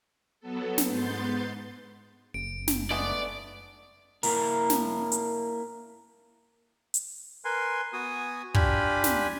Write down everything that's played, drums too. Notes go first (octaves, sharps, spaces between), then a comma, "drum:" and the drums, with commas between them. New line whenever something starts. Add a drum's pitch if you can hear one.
F#3 B3 A4
drum: snare
G#2 B3 C6 G6 A6
F#1 D7
drum: snare
G#3 A3 B3 D5
A#3 E4 A#4, drum: open hi-hat
drum: snare
drum: hi-hat
drum: hi-hat
A#4 B4 G#5 C6
B3 F#4 G#5 D#6
D4 F4 G4 G#5 B5, drum: kick
drum: snare